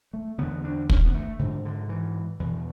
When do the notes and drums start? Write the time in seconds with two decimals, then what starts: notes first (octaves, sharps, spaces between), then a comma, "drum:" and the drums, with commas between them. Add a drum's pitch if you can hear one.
0.13 A3
0.38 E2 D3 B3
0.64 D4
0.90 C#4, drum: kick
1.05 B3
1.14 A3
1.39 G#2 D3
1.65 D3
1.89 E3
2.40 E2 B2 E3